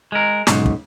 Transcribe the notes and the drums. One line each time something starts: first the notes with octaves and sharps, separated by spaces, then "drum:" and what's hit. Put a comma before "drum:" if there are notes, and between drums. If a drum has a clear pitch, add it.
G#3 A#4
B1 G#2 C#3, drum: snare
drum: kick